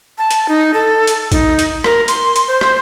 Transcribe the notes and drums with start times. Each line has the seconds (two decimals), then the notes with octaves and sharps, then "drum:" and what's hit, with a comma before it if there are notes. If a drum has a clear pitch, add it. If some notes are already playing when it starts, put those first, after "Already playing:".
0.18 A5
0.31 drum: hi-hat
0.49 D#4
0.74 A4
1.07 drum: hi-hat
1.32 D#4, drum: kick A#1, hi-hat
1.59 drum: hi-hat
1.84 A#4, drum: rim click
2.08 C6, drum: hi-hat
2.36 drum: hi-hat
2.48 C5
2.61 drum: rim click